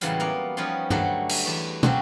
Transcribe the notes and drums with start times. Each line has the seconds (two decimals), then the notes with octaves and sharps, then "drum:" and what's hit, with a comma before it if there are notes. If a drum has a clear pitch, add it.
0.01 A2 C#3 E3 F#3 G3 F4, drum: hi-hat
0.20 A#3 B3 A#4
0.57 F3 G3 B3 C#4 D#4 F4
0.90 D3 F#3 G3 A3 F#4, drum: tom G2
1.29 drum: cymbal
1.46 E2 A5
1.83 C#3 F#3 C4 C#4 F#4 G4, drum: tom